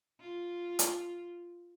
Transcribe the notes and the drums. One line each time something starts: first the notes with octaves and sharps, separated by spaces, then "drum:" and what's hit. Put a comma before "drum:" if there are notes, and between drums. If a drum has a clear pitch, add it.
F4
drum: hi-hat